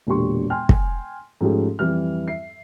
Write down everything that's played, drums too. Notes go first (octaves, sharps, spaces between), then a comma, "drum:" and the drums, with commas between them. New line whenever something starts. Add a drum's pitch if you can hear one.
E1 A#2 D3 G4 C6 C#6
G5 G#5 C6 F6
drum: kick
G#2 F3 A3 C#4 G4
F2 E3 G3 F6
E5 C7